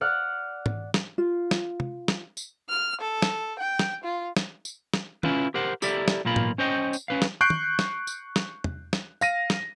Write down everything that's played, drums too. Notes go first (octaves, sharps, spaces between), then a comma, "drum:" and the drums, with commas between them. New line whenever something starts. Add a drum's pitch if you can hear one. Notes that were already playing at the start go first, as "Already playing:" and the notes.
D5 F#5 F6 F#6
drum: tom G#2
drum: snare
F4
drum: snare
drum: tom
drum: snare
drum: tambourine
F6
A4
drum: snare
G5
drum: snare
F4
drum: snare
drum: tambourine
drum: snare
C#4 E4 F4 B4, drum: tom
G4 A#4 C5 F#5
E4 G4 A4 A#4 D5 E5, drum: tambourine
drum: snare
B1 A#2 A#3 F4 B5
drum: tom G#2
C#4 C5 C#5 D#5 G5
drum: tambourine
C#4 B4 F5
drum: snare
C#6 F#6 G6 C7 D7
drum: tom
drum: snare
drum: tambourine
drum: snare
drum: tom
drum: snare
F5 A#6 D#7, drum: tambourine
drum: snare